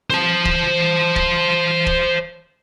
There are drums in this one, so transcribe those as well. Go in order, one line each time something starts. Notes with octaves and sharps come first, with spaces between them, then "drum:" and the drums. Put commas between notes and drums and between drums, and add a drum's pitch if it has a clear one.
C5 A5, drum: snare C4
drum: kick
drum: kick
drum: kick